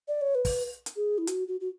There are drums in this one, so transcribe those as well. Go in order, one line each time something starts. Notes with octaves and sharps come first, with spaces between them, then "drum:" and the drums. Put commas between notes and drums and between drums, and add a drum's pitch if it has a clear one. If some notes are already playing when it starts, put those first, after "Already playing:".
D5
C#5
B4
drum: kick, open hi-hat
drum: hi-hat
G#4
E4
F#4, drum: hi-hat
F#4
F#4